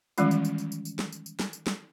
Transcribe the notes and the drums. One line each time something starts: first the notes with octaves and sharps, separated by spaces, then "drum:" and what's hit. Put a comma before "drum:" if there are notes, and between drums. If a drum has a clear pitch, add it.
D#3 E3 G3 G#3 C#4 F4, drum: tambourine
drum: tambourine
drum: tambourine
drum: tambourine
drum: tambourine
drum: tambourine
drum: snare
drum: tambourine
drum: tambourine
drum: snare
drum: tambourine
drum: snare